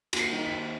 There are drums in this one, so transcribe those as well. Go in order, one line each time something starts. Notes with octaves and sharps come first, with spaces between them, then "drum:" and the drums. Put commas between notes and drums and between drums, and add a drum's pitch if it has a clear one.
D#2, drum: cymbal
C7
D#3
B6
D#2